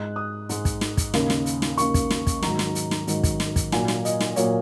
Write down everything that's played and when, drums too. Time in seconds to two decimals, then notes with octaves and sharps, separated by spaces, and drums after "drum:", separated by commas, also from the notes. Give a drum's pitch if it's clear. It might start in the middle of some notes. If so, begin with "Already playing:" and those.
Already playing: G#2 G#3 F#6
0.16 D#6
0.49 G#2 G#3, drum: hi-hat
0.65 drum: kick, hi-hat
0.81 drum: snare
0.97 drum: kick, hi-hat
1.14 D#2 C#3 A#3, drum: snare
1.30 drum: snare
1.46 drum: hi-hat
1.62 drum: snare
1.78 D#2 C#3 A#3 C#6, drum: hi-hat
1.94 drum: kick, hi-hat
2.10 drum: snare
2.27 drum: kick, hi-hat
2.42 G#2 D#3 F#3 A#5, drum: snare
2.59 drum: snare
2.75 drum: hi-hat
2.91 drum: snare
3.07 G#2 D#3 F#3, drum: hi-hat
3.24 drum: kick, hi-hat
3.40 drum: snare
3.56 drum: kick, hi-hat
3.72 A#2 F#3 A#3 G#5, drum: snare
3.88 drum: snare
4.05 D#5, drum: hi-hat
4.20 drum: snare
4.36 A#2 F#3 A#3 C#5, drum: hi-hat